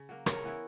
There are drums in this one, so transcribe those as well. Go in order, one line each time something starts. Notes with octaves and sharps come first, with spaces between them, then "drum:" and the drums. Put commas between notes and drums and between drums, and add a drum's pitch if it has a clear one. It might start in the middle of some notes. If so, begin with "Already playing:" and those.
Already playing: C#3
F#3 A#3
C#3 A#4 C#5, drum: rim click
E3 B3 E4